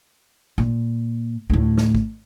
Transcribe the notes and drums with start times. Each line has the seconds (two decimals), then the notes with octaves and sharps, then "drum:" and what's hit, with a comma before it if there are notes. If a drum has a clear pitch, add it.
0.58 A#2, drum: kick
1.50 D2 A2
1.78 drum: snare
1.95 drum: kick